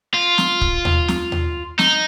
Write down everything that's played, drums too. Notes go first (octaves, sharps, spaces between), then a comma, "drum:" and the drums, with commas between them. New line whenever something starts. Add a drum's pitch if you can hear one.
F4
drum: snare
drum: kick
drum: tom D#2
drum: snare
drum: tom D#2
D#4, drum: snare